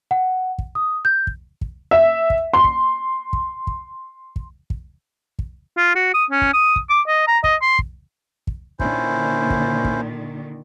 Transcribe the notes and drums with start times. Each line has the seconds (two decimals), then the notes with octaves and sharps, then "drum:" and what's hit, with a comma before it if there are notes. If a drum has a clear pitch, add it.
0.11 F#5
0.58 drum: kick
0.75 D#6
1.05 G6
1.27 drum: kick
1.61 drum: kick
1.91 E5
2.30 drum: kick
2.54 C6
2.64 drum: kick
3.33 drum: kick
3.67 drum: kick
4.36 drum: kick
4.70 drum: kick
5.39 drum: kick
5.77 F4
5.95 F#4
6.14 D#6
6.31 C#4
6.42 drum: kick
6.53 D#6
6.76 drum: kick
6.90 D6
7.08 D#5
7.27 A#5
7.44 D#5, drum: kick
7.62 C6
7.79 drum: kick
8.47 drum: kick
8.80 A#2 D3 D#3 C#4 E4 C5, drum: kick
9.50 drum: kick
9.84 drum: kick